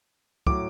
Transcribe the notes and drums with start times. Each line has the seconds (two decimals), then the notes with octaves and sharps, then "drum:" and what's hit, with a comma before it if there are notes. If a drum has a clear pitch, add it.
0.47 A2 F#3 D6, drum: kick